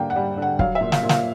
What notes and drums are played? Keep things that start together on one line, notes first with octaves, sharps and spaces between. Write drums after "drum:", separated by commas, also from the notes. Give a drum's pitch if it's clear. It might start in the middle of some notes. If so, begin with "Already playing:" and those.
Already playing: D3 A#3 G5
F#5
G3
D3
F#5
F#3 F5, drum: kick
E5
A#2
F5, drum: snare
A#2
F5, drum: snare